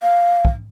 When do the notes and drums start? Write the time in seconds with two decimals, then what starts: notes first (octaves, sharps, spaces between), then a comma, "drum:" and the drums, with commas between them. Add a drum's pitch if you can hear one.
0.03 F5
0.45 drum: kick